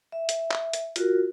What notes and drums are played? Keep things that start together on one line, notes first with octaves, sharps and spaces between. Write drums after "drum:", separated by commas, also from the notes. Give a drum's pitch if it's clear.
E5
drum: hi-hat
drum: clap
drum: hi-hat
F4 F#4 A#4, drum: hi-hat